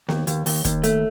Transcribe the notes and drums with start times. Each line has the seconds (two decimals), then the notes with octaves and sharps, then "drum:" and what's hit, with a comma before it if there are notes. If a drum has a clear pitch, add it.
0.09 D#2, drum: snare B3
0.27 D#2, drum: hi-hat
0.46 D#2, drum: open hi-hat
0.65 D#2, drum: kick, hi-hat
0.84 A3, drum: hi-hat